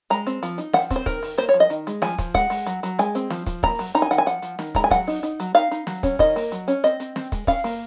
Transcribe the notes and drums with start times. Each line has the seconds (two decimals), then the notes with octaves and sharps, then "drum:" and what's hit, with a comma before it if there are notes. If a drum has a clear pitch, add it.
0.10 G#3 A#5, drum: hi-hat
0.27 C4, drum: hi-hat
0.43 F3, drum: hi-hat
0.58 D#4, drum: hi-hat
0.73 F3 F#5, drum: snare
0.91 C4, drum: kick, hi-hat
0.96 C5
1.06 D#3 A#4, drum: kick, hi-hat
1.23 D#3, drum: open hi-hat
1.38 A#3 C5, drum: hi-hat
1.49 C#5
1.54 F3
1.60 D#5
1.70 D#3, drum: hi-hat
1.87 G#3, drum: hi-hat
2.02 F3 G#5, drum: snare
2.18 F3, drum: kick, hi-hat
2.34 G#3 F#5, drum: kick, hi-hat
2.50 G#3, drum: open hi-hat
2.66 F#3, drum: hi-hat
2.83 F#3, drum: hi-hat
2.99 G#3 G#5, drum: hi-hat
3.15 C4, drum: hi-hat
3.30 F3, drum: snare
3.46 F3, drum: kick, hi-hat
3.63 A#3 A#5, drum: kick
3.79 F#3, drum: open hi-hat
3.95 D#4 A#5, drum: hi-hat
4.02 G#5
4.11 D#3 F#5, drum: hi-hat
4.18 G#5
4.26 F3 F#5, drum: hi-hat
4.42 F3, drum: hi-hat
4.59 D#3, drum: snare
4.75 G#3 A#5, drum: kick, hi-hat
4.84 G#5
4.91 F#3 F#5, drum: kick, hi-hat
5.07 D#4, drum: open hi-hat
5.23 D#4, drum: hi-hat
5.40 F#3, drum: hi-hat
5.55 D#4 F5, drum: hi-hat
5.71 D#4, drum: hi-hat
5.87 F#3, drum: snare
6.03 C#4, drum: kick, hi-hat
6.19 D#3 D#5, drum: kick, hi-hat
6.36 A#3, drum: open hi-hat
6.52 F#3, drum: hi-hat
6.68 C#4, drum: hi-hat
6.84 C4 D#5, drum: hi-hat
7.00 C4, drum: hi-hat
7.16 C4, drum: snare
7.32 G#3, drum: kick, hi-hat
7.47 C#4 F5, drum: kick, hi-hat
7.64 A#3, drum: open hi-hat